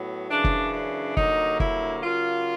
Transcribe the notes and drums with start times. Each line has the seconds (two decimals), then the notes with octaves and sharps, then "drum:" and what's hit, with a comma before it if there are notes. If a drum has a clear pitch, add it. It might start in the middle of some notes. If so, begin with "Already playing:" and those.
Already playing: A2 F#3 B3
0.30 F#2 C#3 E3 D4
0.44 drum: kick
0.73 D4
1.17 G2 D3 F#3 A#3 D#4, drum: kick
1.60 E4, drum: kick
2.03 C#3 F#3 A#3 F4